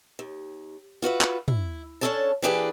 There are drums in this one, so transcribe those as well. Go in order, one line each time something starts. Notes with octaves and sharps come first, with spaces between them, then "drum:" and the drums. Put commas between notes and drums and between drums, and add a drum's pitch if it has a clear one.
D#2
F4 F#4 B4 E5
drum: clap
E4, drum: tom
C#4 D4 E4 A4 C#5 A5
E3 A#3 D4 G4 G#4 B4